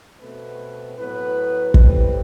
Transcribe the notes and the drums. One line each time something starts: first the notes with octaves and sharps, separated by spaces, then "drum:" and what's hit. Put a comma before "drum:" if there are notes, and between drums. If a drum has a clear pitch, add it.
B2 A3 C4 B4
A2 F#3 B3 B4
A2 G3 C4 B4, drum: kick